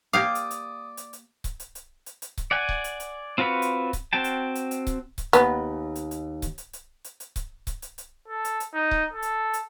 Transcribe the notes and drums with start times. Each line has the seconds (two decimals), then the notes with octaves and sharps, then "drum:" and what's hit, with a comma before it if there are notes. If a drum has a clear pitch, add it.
0.13 A#3 G4 D5 F5 D6 D#6
0.35 drum: hi-hat
0.51 drum: hi-hat
0.97 drum: hi-hat
1.13 drum: hi-hat
1.44 drum: kick C#1, hi-hat
1.60 drum: hi-hat
1.75 drum: hi-hat
2.06 drum: hi-hat
2.22 drum: hi-hat
2.38 drum: kick C#1, hi-hat
2.51 D5 F#5 G#5
2.69 drum: kick C#1
2.84 drum: hi-hat
3.00 drum: hi-hat
3.38 C4 F4 F#4 B4 C#5
3.62 drum: hi-hat
3.93 drum: kick C#1, hi-hat
4.13 C4 F#4 G5 A5
4.24 drum: hi-hat
4.55 drum: hi-hat
4.71 drum: hi-hat
4.87 drum: kick C#1, hi-hat
5.18 drum: kick C#1, hi-hat
5.33 D#2 B3, drum: hi-hat
5.96 drum: hi-hat
6.11 drum: hi-hat
6.42 drum: kick C#1, hi-hat
6.58 drum: hi-hat
6.73 drum: hi-hat
7.05 drum: hi-hat
7.20 drum: hi-hat
7.36 drum: kick C#1, hi-hat
7.67 drum: kick C#1, hi-hat
7.82 drum: hi-hat
7.98 drum: hi-hat
8.28 A4
8.45 drum: hi-hat
8.60 drum: hi-hat
8.74 D#4
8.91 drum: kick C#1
9.13 A4
9.22 drum: hi-hat
9.54 drum: hi-hat